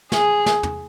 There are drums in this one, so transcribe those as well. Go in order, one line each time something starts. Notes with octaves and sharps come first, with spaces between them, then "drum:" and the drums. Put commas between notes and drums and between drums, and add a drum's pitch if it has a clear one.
G#4, drum: snare
drum: snare
drum: tom